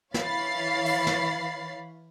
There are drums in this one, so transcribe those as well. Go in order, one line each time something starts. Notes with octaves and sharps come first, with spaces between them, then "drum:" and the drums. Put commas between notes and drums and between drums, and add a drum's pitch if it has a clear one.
E3 C#5 F5 B5 A6 C7, drum: snare
drum: open hi-hat
drum: snare